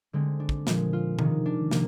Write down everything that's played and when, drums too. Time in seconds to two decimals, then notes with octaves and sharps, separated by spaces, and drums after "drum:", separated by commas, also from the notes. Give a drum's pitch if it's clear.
0.13 D3 G#3 C4
0.40 D4
0.49 drum: kick
0.67 A#2 F3 G#3, drum: snare
0.93 F4
1.19 C3 D#3 G#3 D#4, drum: tom
1.46 D4
1.71 C3 F3 A#3, drum: snare